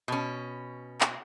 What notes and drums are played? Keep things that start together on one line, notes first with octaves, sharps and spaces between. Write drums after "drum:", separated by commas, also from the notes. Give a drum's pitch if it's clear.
B2 C#4
drum: clap